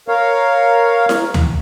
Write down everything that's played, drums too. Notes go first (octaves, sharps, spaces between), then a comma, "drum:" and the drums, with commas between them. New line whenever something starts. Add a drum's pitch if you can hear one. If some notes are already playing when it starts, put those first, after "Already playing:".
A#4 C#5 F5
drum: snare E4
drum: tom D2